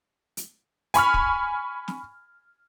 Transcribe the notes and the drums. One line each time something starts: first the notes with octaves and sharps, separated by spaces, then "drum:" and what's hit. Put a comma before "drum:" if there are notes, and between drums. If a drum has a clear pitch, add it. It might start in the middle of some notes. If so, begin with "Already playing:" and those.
drum: hi-hat
G#5 B5 C#6 F6, drum: hi-hat
drum: kick
drum: snare